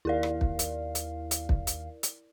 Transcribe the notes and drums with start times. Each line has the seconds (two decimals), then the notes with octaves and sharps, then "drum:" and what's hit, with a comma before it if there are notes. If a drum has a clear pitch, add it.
0.05 D#2 E4 A#4 D5 F5
0.23 drum: rim click
0.41 drum: kick
0.59 drum: hi-hat
0.95 drum: hi-hat
1.31 drum: hi-hat
1.49 drum: kick
1.67 drum: hi-hat
2.03 drum: hi-hat